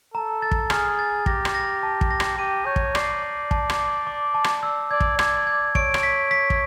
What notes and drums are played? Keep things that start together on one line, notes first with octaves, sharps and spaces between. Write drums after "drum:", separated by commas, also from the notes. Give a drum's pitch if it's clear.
A4 A#5
A6
drum: kick
G#4 F6, drum: rim click
A6
G4 A#6, drum: kick
drum: rim click
A#6
A5
drum: kick
A#6
drum: rim click
G4 D#7
C#5 G6
drum: kick
D5 C7, drum: rim click
D6
A5, drum: kick
drum: rim click
D6
D6
A5
drum: rim click
E6
D5 G#6
drum: kick
D5 G#6, drum: rim click
G#6
C#5 D7, drum: kick
drum: rim click
B6
B6
drum: kick